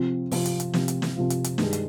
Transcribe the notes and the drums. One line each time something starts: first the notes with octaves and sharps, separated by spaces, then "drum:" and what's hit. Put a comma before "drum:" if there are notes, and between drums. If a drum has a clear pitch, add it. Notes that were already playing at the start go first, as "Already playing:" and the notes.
Already playing: C3 F3 C4 F4
C3 F3 C4 F4, drum: open hi-hat
drum: hi-hat
drum: hi-hat
C3 F3 C4 F4, drum: snare
drum: hi-hat
drum: snare
C3 F3 C4 F4
drum: hi-hat
drum: hi-hat
G2 D#3 G#3 D4 G4, drum: snare
drum: hi-hat